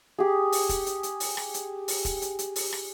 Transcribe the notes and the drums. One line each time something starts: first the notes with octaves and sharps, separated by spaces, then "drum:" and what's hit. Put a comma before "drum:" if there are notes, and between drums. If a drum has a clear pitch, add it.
G4 G#4
drum: open hi-hat
drum: kick, hi-hat
drum: hi-hat
drum: hi-hat
drum: open hi-hat
drum: rim click
drum: hi-hat
drum: open hi-hat
drum: kick, hi-hat
drum: hi-hat
drum: hi-hat
drum: open hi-hat
drum: rim click